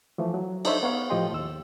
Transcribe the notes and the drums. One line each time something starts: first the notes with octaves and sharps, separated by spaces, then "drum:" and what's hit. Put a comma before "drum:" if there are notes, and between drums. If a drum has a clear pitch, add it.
E3 F3 A3
F#3
D4 D#4 A4 C5 C#5 E5, drum: cymbal
B3 C#5 F5 F#5
A2 F3 G4 D#5 G5 C6
D#2 E6